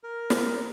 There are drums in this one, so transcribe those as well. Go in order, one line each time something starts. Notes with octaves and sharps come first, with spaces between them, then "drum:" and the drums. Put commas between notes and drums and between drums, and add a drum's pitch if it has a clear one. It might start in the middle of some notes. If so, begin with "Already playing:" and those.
A#4
drum: snare